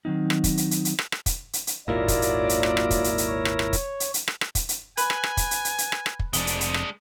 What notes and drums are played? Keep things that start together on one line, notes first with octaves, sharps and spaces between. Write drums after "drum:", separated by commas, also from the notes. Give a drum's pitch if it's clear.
D#3 F#3 C4 D#4
drum: rim click
drum: kick, hi-hat
drum: hi-hat
drum: hi-hat
drum: hi-hat
drum: rim click
drum: rim click
drum: kick, hi-hat
drum: hi-hat
drum: hi-hat
G#1 D#2 A#2 F#3 E4 F4 A#4 D5
drum: kick, hi-hat
drum: hi-hat
drum: hi-hat
drum: rim click
drum: rim click
drum: kick, hi-hat
drum: hi-hat
drum: hi-hat
C#5
drum: rim click
drum: rim click
drum: kick, hi-hat
drum: hi-hat
drum: hi-hat
drum: rim click
drum: rim click
drum: kick, hi-hat
drum: hi-hat
B4 G#5, drum: hi-hat
drum: rim click
drum: rim click
drum: kick, hi-hat
drum: hi-hat
drum: hi-hat
drum: hi-hat
drum: rim click
drum: rim click
drum: kick
F1 F2 G#3 D4, drum: hi-hat
drum: hi-hat
drum: hi-hat
drum: rim click